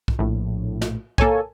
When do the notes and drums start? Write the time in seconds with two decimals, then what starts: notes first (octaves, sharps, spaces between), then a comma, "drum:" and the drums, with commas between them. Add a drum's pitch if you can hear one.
0.08 drum: kick
0.19 A#1 A2
0.81 drum: snare
1.18 A#3 A4 C#5 G#5, drum: kick